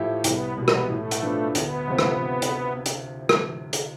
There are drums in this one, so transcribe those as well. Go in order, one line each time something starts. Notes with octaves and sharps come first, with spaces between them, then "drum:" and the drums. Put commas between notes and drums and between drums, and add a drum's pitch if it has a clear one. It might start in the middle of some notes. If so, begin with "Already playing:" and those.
Already playing: A2 F3 A3 E4 G4
C2 B3, drum: hi-hat
B2 G3 B3
drum: rim click
A2 A3
drum: hi-hat
F3 B3 D4
D2 B3, drum: hi-hat
C3 F3 C4 G4
drum: rim click
drum: hi-hat
drum: hi-hat
drum: rim click
drum: hi-hat